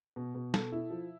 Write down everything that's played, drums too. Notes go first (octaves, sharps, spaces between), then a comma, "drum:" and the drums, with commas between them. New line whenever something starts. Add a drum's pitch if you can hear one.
B2
B2
A4, drum: snare
E4
F3